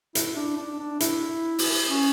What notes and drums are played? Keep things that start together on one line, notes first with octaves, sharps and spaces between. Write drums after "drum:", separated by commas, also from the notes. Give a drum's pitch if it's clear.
E4, drum: hi-hat
D4
D4
D4
E4, drum: hi-hat
drum: open hi-hat
C#4